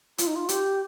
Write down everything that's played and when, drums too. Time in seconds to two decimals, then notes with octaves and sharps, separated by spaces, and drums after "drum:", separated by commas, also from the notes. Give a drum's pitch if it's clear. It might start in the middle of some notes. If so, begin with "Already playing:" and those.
0.18 F4, drum: hi-hat
0.27 D#4
0.35 F4
0.49 G4, drum: hi-hat